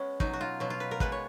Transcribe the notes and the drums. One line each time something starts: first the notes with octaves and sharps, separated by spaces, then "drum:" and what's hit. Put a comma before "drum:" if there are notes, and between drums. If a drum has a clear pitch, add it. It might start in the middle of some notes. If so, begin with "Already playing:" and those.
Already playing: G#3 B3 C#4
B2 F#3 D#4, drum: kick
F#4
F4
B2 F#3
F4
B4
A#4
B2 G#3 B4, drum: kick
C#5